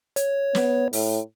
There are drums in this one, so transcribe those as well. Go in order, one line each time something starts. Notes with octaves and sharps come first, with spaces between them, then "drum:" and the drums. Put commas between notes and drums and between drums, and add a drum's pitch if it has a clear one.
C#5, drum: hi-hat
B3, drum: snare
A2, drum: open hi-hat